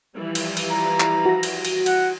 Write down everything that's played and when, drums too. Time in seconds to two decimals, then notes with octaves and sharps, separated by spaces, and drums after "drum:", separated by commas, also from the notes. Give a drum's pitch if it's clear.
0.16 E3 F3 G3
0.35 drum: cymbal
0.57 drum: cymbal
0.71 A#5
1.00 drum: clap
1.26 F#4 A#6
1.43 drum: cymbal
1.65 drum: cymbal
1.86 F#5, drum: cymbal